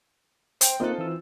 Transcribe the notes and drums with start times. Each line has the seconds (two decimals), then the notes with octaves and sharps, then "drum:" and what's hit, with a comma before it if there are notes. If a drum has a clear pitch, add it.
0.61 C4 C5 G5, drum: hi-hat
0.80 A#3 C4 D#4 F4 A4 D#5 F#6
0.98 E3 E6